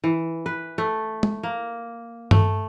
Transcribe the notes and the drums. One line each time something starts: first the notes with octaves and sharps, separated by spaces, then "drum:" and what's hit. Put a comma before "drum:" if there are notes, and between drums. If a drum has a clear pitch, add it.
E3
B4
A3
drum: tom G#3
A#3
A3, drum: tom G2